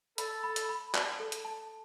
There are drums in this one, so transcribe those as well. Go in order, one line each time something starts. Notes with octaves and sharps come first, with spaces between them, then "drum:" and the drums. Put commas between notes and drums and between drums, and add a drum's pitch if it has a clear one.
A4 B5, drum: hi-hat
B5
drum: hi-hat
B5
A5, drum: clap
A4
drum: hi-hat
A5